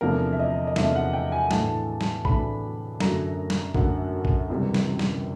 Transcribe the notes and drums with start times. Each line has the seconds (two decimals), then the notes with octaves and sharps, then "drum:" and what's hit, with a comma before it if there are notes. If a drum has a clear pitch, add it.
0.01 E2 C3 F3 A3 D4 A#4
0.33 E5
0.39 D#5
0.67 D#5
0.76 E2 C3 F3 A3 D4 E5, drum: snare
0.95 F#5
1.13 G5
1.32 G#5
1.51 A2 E3 A3 D4 A5, drum: snare
2.01 drum: snare
2.25 A2 E3 A3 D4 B5, drum: kick A#1
3.00 F#2 D3 F#3 A3 A#5, drum: snare
3.50 drum: snare
3.74 F#2 D3 F#3 A3 F#5, drum: kick A#1
4.25 drum: kick A#1
4.50 C#2 C3 E3 G3
4.74 drum: snare
4.99 drum: snare